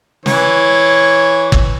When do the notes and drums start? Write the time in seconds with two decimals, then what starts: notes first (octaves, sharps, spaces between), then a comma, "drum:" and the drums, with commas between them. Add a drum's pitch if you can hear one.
0.26 E3 C#5, drum: snare
1.52 drum: kick